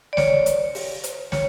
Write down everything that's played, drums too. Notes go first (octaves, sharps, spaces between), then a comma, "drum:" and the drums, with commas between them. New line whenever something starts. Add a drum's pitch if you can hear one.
D5
C#5, drum: snare
drum: hi-hat
drum: open hi-hat
drum: hi-hat
C#5, drum: snare